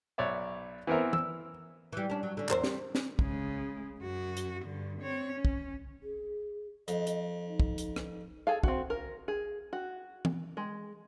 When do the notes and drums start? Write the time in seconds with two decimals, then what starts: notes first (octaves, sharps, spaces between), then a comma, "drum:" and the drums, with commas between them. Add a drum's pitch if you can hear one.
0.18 B1 C#5 D5 E5
0.87 E3 B3 C4 A#4 E5
1.13 E6, drum: tom
1.93 E3 G3
2.10 C#4 D4
2.23 F#3
2.37 D3 C#4
2.49 E2 A#4 C5, drum: clap
2.64 G3, drum: snare
2.95 drum: snare
3.19 C#3 G#3, drum: kick
4.00 F#2 F#4
4.37 drum: hi-hat
4.65 G2 D3
5.00 C4 C#5
5.33 C#4
5.45 drum: kick
6.03 G#4
6.88 F2 D#5, drum: hi-hat
7.07 drum: hi-hat
7.48 D#4
7.60 drum: kick
7.78 drum: hi-hat
7.96 drum: rim click
8.47 G#4 A4 F5
8.63 C4 F#4, drum: kick
8.90 A#4
9.28 G#4
9.73 F#4
10.25 drum: tom E3
10.57 G#3